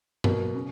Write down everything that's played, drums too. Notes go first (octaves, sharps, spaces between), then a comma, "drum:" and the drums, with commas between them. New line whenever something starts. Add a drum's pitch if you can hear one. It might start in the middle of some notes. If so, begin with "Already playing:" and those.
B2 F#3 A#3, drum: tom G2
C#3